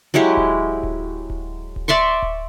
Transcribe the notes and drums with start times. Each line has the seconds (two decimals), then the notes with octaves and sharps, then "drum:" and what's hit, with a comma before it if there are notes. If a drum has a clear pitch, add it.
0.14 F#3 G#3 E4 G4
0.37 drum: kick D1
0.83 drum: kick D1
1.30 drum: kick D1
1.76 drum: kick D1
1.88 D5 E5 C6 C#6
2.22 drum: kick D1